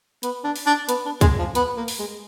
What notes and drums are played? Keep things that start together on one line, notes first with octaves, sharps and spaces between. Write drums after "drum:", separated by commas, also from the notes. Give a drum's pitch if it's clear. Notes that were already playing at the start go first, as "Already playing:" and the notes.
B3, drum: hi-hat
D4
drum: open hi-hat
D4
B3, drum: hi-hat
D4
G#3, drum: kick, hi-hat
F3
B3, drum: hi-hat
A#3
drum: open hi-hat
G#3